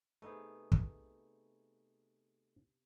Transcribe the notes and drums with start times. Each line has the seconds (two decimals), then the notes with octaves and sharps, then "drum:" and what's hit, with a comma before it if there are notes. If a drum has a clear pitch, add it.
0.22 C3 A3 B3 D#4 G#4
0.72 drum: kick